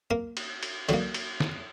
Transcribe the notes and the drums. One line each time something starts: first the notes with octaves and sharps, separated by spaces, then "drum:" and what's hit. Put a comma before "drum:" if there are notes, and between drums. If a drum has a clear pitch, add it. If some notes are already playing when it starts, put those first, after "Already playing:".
A#3 A#4
drum: cymbal
drum: cymbal
D3 F#3 A#3, drum: cymbal
drum: cymbal
drum: snare